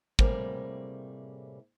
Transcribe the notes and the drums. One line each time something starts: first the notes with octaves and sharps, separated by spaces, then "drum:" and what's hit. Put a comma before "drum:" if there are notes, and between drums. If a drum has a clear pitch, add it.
A2 C3 G3 A#3 G#4, drum: kick